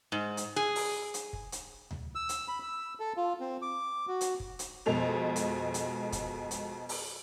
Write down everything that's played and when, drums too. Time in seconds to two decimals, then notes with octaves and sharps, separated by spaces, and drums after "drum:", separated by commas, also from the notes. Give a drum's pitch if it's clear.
0.12 G#2
0.37 drum: hi-hat
0.56 G#4
0.76 drum: open hi-hat
1.14 drum: hi-hat
1.33 drum: kick
1.52 drum: hi-hat
1.91 drum: tom D2
2.15 E6
2.29 drum: hi-hat
2.48 B5
2.63 E6
3.00 A4
3.17 F4
3.40 C4
3.62 D6
4.08 F#4
4.21 drum: hi-hat
4.40 drum: kick
4.59 drum: hi-hat
4.86 F2 B2 G#3 A4 F7
5.36 drum: hi-hat
5.74 drum: hi-hat
6.12 drum: kick, hi-hat
6.51 drum: hi-hat
6.89 drum: open hi-hat